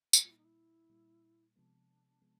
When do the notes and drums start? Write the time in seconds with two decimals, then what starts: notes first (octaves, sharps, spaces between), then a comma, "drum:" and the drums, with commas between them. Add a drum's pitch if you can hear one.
0.13 drum: tambourine
0.23 A#2 G3 A#3 F4
0.30 E4
0.37 D#4
0.44 E4
0.89 A#2 G3 A#3
1.55 C3 F3 G#3 B3 D4
2.21 C3 F3 G#3 B3